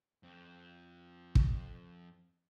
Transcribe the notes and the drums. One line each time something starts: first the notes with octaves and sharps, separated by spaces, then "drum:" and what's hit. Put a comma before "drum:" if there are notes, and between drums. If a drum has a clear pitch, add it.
F2 C4
drum: kick